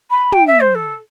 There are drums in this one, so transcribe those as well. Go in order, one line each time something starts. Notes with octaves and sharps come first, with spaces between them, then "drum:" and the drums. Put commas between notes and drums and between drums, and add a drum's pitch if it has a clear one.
B5
G5, drum: tom
E5
C5
A4